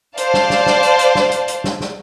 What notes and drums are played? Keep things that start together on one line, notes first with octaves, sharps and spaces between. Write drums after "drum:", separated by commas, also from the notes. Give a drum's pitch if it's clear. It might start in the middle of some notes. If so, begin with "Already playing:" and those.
C5 D5 F5 A5, drum: hi-hat
drum: snare
drum: snare
drum: snare
drum: hi-hat
drum: hi-hat
drum: snare
drum: hi-hat
drum: hi-hat
drum: snare
drum: snare